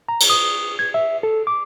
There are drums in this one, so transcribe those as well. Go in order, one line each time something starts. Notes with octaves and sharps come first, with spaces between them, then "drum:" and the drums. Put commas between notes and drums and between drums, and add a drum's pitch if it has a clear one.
A#5
drum: cymbal
D#6
G#6
E5
A4
D6